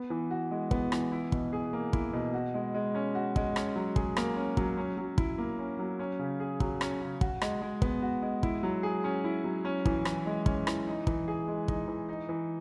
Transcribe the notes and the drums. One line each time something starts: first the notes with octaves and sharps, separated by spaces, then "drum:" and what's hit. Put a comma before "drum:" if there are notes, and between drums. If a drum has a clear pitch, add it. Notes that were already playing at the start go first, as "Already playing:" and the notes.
Already playing: B3
E3
F#4
G#3
B3, drum: kick
E3, drum: rim click
E4
B2, drum: kick
G#4
A#3
E4, drum: kick
B2
F#4
G#3
G#3
C#4
F#4
G#3, drum: kick
C#4, drum: rim click
F#3
G#4, drum: kick
A#3, drum: rim click
C#4
F#3, drum: kick
C#4
F#3
E4, drum: kick
A#3
C#4
F#3
C#4
C#3
G#4
F#3, drum: kick
C#4, drum: rim click
C#3
F#4, drum: kick
G#3, drum: rim click
G#3
B3, drum: kick
F#4
G#3
E4, drum: kick
F#3
G#4
C#4
E4
F#3
C#4
E3, drum: kick
E3, drum: rim click
G#3
C#4, drum: kick
E3, drum: rim click
D#4
E3, drum: kick
G#4
G#3
D#4, drum: kick
E3
D#4
E3